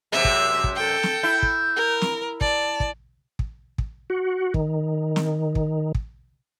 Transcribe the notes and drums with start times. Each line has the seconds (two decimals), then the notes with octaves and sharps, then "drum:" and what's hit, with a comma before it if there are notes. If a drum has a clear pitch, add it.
0.12 F#2 C3 G#3 E5
0.25 drum: kick
0.64 drum: kick
0.76 A4 G5
1.03 drum: snare
1.23 E4 G6
1.43 drum: kick
1.76 A#4
2.01 drum: snare
2.41 D5 A5, drum: kick
2.80 drum: kick
3.39 drum: kick
3.78 drum: kick
4.10 F#4
4.54 D#3, drum: kick
5.16 drum: snare
5.55 drum: kick
5.95 drum: kick